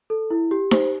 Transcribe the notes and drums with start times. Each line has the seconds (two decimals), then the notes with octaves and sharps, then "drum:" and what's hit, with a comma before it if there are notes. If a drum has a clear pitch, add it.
0.10 A4
0.30 E4
0.51 G4
0.71 C5, drum: snare D#4